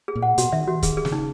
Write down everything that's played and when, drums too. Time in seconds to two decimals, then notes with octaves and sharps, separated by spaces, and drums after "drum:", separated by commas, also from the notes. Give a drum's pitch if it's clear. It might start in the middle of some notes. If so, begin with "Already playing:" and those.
0.08 G#4
0.15 A#2
0.22 F#5
0.38 B2 F#4, drum: hi-hat
0.53 D#3 E5
0.68 E3 F#4
0.83 D#3 G#4, drum: kick, hi-hat
0.97 G#4
1.05 C#3, drum: snare
1.12 D#4